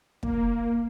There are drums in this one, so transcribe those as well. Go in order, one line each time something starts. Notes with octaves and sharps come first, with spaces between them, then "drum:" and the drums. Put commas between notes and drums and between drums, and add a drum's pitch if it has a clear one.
A#3, drum: kick